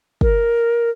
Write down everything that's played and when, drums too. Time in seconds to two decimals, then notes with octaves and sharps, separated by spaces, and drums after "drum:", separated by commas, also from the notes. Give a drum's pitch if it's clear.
0.21 A#4, drum: kick